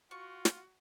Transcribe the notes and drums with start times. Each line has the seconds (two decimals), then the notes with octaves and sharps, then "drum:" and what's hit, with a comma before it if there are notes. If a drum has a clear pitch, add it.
0.11 F4 F#4 C#6
0.45 drum: snare